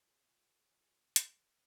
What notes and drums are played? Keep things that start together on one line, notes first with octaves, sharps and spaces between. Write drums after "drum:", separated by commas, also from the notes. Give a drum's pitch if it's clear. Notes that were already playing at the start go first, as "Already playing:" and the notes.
F4 G#4 C#5
drum: hi-hat